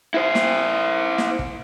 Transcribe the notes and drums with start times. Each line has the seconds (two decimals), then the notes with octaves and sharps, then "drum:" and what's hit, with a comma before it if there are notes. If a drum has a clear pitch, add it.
0.14 E4 C5
0.35 drum: snare
1.18 drum: snare
1.39 drum: kick